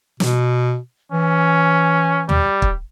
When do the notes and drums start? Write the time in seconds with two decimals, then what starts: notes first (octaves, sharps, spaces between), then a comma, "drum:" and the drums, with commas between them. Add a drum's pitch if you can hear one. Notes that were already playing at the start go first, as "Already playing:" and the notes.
0.20 B2, drum: snare
1.12 E3 C#4
2.29 G3, drum: tom
2.62 drum: kick